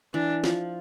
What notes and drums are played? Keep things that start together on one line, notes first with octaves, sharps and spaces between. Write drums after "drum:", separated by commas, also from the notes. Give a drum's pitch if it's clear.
E3 D4
F3, drum: snare